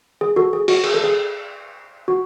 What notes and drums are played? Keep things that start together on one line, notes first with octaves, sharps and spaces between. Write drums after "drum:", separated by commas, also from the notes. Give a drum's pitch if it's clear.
G#4
F#4 A4
G#4
F#4, drum: open hi-hat
G#4, drum: cymbal
A4
G#4
F#4